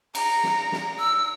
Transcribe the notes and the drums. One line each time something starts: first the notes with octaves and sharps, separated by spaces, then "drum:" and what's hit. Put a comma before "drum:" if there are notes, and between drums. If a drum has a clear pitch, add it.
A#5, drum: cymbal
drum: snare
drum: snare
E6